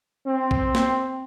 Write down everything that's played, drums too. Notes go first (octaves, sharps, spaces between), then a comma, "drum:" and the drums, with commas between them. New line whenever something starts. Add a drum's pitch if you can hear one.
C4
drum: kick
drum: snare